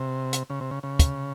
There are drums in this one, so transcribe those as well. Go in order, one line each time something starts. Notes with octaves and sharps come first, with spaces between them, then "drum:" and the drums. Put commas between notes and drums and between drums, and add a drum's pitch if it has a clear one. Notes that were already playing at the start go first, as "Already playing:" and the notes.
Already playing: C3
drum: hi-hat
C#3
C3
C#3
C#3
drum: kick, hi-hat